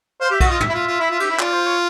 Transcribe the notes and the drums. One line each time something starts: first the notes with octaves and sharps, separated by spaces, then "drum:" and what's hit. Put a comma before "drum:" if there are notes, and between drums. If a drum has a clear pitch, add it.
C5 F5
G4
E5
F#4, drum: kick B1, cymbal
F4 D#5
E5, drum: tom
E4
F4
F4
E4
F4
G4, drum: cymbal
E4
F4 D5, drum: clap
C5
C#5